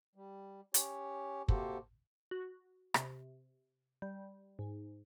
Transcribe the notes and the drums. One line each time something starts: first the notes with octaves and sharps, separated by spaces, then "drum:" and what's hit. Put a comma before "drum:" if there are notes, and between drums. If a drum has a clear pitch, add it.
G3
C#4 G4 C#5, drum: hi-hat
C3 A#3 F#4 G4 A4 C5, drum: kick
F#4
C3, drum: rim click
G3
G#2